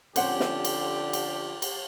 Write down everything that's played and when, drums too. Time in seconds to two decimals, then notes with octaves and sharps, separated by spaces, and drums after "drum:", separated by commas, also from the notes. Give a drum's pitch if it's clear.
0.16 D3 F3 C4 C#4 G4 C5 F#5, drum: cymbal
0.40 drum: snare
0.65 drum: cymbal
1.13 drum: cymbal
1.62 drum: cymbal